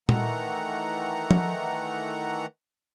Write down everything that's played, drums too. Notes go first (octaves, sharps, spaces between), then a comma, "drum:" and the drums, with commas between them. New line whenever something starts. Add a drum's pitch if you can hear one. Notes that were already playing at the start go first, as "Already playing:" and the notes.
D#3 E3 A3 F#5 A#5, drum: tom A#2
drum: tom